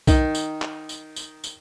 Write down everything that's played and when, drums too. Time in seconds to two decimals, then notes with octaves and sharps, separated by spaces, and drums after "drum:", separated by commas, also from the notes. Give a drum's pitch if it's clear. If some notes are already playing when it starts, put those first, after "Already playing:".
0.07 D#3 D#4, drum: kick B1, tambourine
0.35 drum: tambourine
0.62 drum: clap
0.89 drum: tambourine
1.16 drum: tambourine
1.44 drum: tambourine